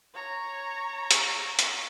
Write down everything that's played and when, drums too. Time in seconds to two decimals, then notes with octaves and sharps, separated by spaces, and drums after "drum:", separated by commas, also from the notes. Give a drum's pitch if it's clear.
0.15 C#5 A#5
1.11 drum: hi-hat
1.59 drum: hi-hat